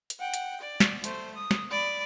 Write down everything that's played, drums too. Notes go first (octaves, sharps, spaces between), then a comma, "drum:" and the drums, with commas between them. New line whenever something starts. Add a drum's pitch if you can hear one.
drum: hi-hat
F#5 G5
drum: hi-hat
D5
drum: snare
A3 C5, drum: hi-hat
D#6
drum: snare
D5 B5